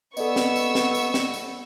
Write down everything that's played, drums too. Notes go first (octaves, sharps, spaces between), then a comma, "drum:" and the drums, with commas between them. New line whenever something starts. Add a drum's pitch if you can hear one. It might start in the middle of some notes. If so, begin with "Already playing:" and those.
B3 A4 D5 D#5 C#6 E6, drum: tambourine
drum: snare
drum: tambourine
drum: snare
drum: tambourine
drum: snare
drum: tambourine